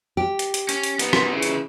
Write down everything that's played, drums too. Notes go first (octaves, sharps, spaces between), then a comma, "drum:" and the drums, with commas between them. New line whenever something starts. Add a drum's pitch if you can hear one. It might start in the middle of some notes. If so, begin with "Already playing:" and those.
G4
drum: hi-hat
drum: hi-hat
C#4, drum: hi-hat
drum: hi-hat
B3 D#4, drum: hi-hat
drum: rim click
C#3 E3
drum: hi-hat